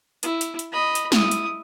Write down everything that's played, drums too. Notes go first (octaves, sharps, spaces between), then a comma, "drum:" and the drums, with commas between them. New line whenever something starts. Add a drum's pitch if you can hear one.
E4, drum: hi-hat
drum: hi-hat
drum: hi-hat
D#5 B5
drum: hi-hat
E4 D#6, drum: snare
drum: hi-hat